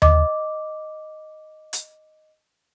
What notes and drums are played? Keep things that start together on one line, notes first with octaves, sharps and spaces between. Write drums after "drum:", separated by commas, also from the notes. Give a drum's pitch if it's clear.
D#5 D6, drum: tom D#2
drum: hi-hat